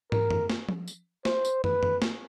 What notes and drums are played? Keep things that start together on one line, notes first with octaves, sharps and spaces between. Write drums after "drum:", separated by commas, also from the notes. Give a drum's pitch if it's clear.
A#4, drum: tom
drum: tom
drum: snare
drum: tom F3
drum: tambourine
C5, drum: snare
drum: tambourine
B4, drum: tom
drum: tom
drum: snare